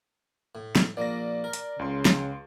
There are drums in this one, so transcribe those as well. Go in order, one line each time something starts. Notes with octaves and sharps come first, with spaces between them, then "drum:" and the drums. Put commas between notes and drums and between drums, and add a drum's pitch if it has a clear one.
A2
drum: snare
A#1 A#3 D5 A#6
A#4
drum: hi-hat
C#2 C#3 C6
drum: snare